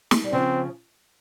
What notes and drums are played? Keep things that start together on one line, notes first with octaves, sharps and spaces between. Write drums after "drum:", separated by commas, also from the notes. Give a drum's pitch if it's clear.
drum: snare
G3
C#3 F3 C4